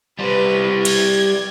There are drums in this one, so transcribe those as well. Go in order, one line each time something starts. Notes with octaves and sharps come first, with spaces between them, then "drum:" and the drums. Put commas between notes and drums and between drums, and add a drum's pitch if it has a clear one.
G3 B4 C5
G#6, drum: cymbal